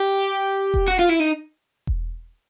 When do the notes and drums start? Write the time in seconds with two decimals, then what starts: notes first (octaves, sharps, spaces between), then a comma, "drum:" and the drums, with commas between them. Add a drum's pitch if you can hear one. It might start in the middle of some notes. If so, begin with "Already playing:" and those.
Already playing: G4
0.74 drum: kick E1
0.88 F#4
0.99 F4
1.09 E4
1.20 D#4
1.87 drum: kick E1